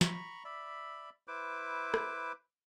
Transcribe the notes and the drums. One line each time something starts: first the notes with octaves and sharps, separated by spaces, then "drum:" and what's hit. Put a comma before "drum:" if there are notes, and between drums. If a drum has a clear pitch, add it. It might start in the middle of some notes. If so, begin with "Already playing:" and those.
A#5 B5 C#6, drum: snare
D5 E5 B5
E4 B4 C5 D6
drum: rim click